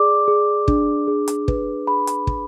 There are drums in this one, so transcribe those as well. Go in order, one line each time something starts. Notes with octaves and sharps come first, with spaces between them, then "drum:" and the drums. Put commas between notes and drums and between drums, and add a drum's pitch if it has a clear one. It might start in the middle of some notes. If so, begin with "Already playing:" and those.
Already playing: G#4 D5 D6
G#4
D4, drum: kick
G#4
drum: hi-hat
B4, drum: kick
G#4 B5
drum: hi-hat
drum: kick